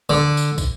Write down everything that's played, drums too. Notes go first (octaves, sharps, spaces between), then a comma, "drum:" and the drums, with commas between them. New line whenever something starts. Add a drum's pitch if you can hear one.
D3
drum: tambourine
drum: kick, tambourine